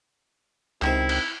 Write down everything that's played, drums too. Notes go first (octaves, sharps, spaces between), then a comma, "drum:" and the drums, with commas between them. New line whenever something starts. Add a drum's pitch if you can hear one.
C#2 C3 D#3 E4, drum: clap
drum: cymbal